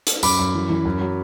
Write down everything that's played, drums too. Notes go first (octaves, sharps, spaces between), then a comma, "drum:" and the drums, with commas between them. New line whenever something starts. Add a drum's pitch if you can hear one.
drum: hi-hat
F#2 B5 D6, drum: tambourine
F#2
E3
E3
F#2
F#3